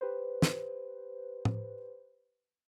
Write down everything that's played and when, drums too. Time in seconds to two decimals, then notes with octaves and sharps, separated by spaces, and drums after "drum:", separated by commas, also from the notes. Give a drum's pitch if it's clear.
0.01 G4 B4 C5
0.42 drum: snare
1.45 drum: tom A2